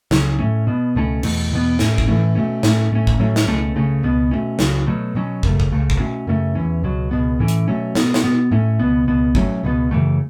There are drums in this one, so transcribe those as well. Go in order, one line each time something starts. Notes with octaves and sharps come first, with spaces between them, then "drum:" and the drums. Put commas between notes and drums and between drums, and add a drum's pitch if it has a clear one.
C#2 C#3 F#3 C#4, drum: snare
A2 A3 C#4
B2 B3
C#2 B2 A3 C#4
E2 B2 A3, drum: cymbal
E2 B2 B3
A2 A3 C#4, drum: snare
drum: kick
A2 E3 A3 C#4
B2 A3 C#4
A2 A3 C#4, drum: snare
A2 A3 C#4
drum: kick
A2 F#3 A3 C#4
drum: snare
C#2 B2 A3 C#4
C#2 C#3 A3 C#4
C#2 B2 B3
B2 A3 C#4
C#2 C#3 F#3, drum: snare
B2 F#3 A3
B2 F#3 C#4
F#2 C#3 A3, drum: kick
drum: kick
C#2 C#3 A3
drum: kick
B2 A3 C#4
F#2 C#3 A3 C#4
E2 E3 C#4
C#2 B2 F#3
C#2 B2 B3
A2 E3 C#4
drum: hi-hat
B2 F#3 A3 C#4
B2 B3, drum: snare
drum: snare
B2 B3
A2 A3 C#4
C#2 B2 B3
C#2 B2 B3
B2 F#3 A3 C#4, drum: kick
C#2 B2 B3
F#2 C#3 E3 A3